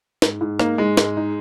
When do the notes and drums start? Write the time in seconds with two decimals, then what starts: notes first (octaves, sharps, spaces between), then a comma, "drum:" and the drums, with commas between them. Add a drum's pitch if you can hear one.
0.22 G#2, drum: snare
0.41 G#2
0.60 A#3 D#4, drum: rim click
0.78 G#2 G#3
0.97 G#2, drum: snare
1.17 D#4